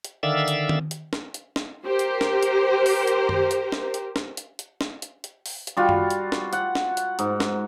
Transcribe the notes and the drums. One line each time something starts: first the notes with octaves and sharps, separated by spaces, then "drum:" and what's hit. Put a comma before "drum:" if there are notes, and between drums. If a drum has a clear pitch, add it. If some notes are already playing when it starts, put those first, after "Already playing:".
drum: hi-hat
D3 D#3 D5 E5 F5 E6
drum: hi-hat
drum: tom D#3
drum: hi-hat
drum: snare
drum: hi-hat
drum: snare
G4 A#4 C5
drum: hi-hat
drum: snare
drum: hi-hat
drum: open hi-hat
drum: hi-hat
drum: tom F#2
drum: hi-hat
drum: snare
drum: hi-hat
drum: snare
drum: hi-hat
drum: hi-hat
drum: snare
drum: hi-hat
drum: hi-hat
drum: open hi-hat
drum: hi-hat
G3 F4 F#4
drum: tom F#2
drum: hi-hat
drum: snare
F#5, drum: hi-hat
drum: snare
drum: hi-hat
G#2, drum: hi-hat
drum: snare